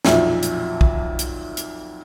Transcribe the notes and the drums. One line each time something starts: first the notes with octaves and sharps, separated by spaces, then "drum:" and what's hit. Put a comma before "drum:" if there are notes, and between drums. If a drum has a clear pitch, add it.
B1 F2 A#2 E5, drum: snare
drum: hi-hat
drum: kick
drum: hi-hat
drum: hi-hat